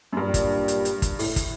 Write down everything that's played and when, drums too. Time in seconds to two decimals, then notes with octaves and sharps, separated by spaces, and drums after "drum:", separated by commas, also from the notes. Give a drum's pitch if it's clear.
0.13 F#2
0.17 G2 A#2 G3 D4
0.34 drum: kick, hi-hat
0.68 drum: hi-hat
0.85 drum: hi-hat
1.02 drum: kick, hi-hat
1.19 A2, drum: open hi-hat
1.36 drum: kick, hi-hat